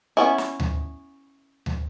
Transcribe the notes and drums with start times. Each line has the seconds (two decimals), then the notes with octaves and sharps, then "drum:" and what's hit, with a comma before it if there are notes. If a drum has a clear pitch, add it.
0.17 B3 C#4 E4
0.38 drum: snare
0.60 drum: tom D2
1.66 drum: tom D2